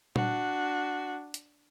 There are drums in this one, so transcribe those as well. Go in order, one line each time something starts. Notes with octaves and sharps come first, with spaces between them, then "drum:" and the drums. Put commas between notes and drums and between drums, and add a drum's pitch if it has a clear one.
D4 F#4, drum: tom A#2
drum: hi-hat